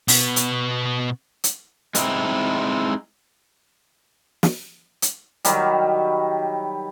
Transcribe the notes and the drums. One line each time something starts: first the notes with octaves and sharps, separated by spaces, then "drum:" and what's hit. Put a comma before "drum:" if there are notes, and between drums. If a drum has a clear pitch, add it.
B2 B3, drum: open hi-hat
drum: hi-hat
drum: hi-hat
G#3 C4 D#4 E4, drum: hi-hat
drum: snare
drum: hi-hat
D#3 F#3 G3, drum: hi-hat